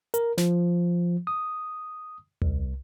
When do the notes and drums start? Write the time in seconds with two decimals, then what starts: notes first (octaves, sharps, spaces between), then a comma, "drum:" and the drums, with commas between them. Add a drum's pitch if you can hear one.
0.14 A#4, drum: hi-hat
0.38 F3, drum: snare
1.27 D#6
2.42 C2, drum: tom D#2